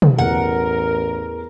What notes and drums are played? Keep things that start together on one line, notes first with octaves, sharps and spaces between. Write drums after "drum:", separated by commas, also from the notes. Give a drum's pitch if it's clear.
drum: tom
A1 E2 A#4 F#5